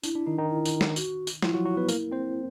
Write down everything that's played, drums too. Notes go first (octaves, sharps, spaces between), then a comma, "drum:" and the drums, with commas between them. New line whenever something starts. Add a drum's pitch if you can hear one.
D4 E4, drum: tambourine
D4
D#3 D#4
D#3 D#4
E4
drum: tambourine
drum: snare
F#4, drum: tambourine
drum: tambourine
F3 E4 F4, drum: snare
F#3 F#4
F#3 F#4
B3 B4
A#3 A#4, drum: tambourine
C4 C5